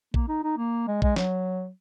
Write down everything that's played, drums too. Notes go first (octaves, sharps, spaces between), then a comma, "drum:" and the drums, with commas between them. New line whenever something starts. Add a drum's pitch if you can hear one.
A#3, drum: kick
D#4
D#4
A#3
G#3
G#3, drum: kick
F#3, drum: snare